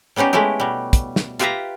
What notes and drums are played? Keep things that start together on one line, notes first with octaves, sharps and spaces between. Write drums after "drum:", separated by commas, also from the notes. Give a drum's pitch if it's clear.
G3 B3 C#4 D#4 G4
G#3 A3 C#4 E4 G4
B2 G3
drum: kick, hi-hat
drum: snare
F4 G4 B4 E5 F5 A#5, drum: hi-hat